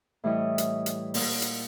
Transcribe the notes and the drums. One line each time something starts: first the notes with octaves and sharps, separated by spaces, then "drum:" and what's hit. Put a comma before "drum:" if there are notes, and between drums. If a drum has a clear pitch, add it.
A2 E3 G3 E4 C#5 D#5
drum: hi-hat
drum: hi-hat
A#2 F#5 D#6, drum: open hi-hat
drum: hi-hat